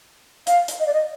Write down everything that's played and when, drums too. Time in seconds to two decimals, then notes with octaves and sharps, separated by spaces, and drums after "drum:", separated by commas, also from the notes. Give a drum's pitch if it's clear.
0.47 F5, drum: hi-hat
0.68 drum: hi-hat
0.79 D#5
0.86 D5
0.93 D#5